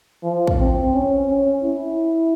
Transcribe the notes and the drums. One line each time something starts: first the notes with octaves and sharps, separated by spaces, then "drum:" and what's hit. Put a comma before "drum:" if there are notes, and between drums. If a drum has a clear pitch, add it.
F3
drum: kick
C4
C#4
C#4
E4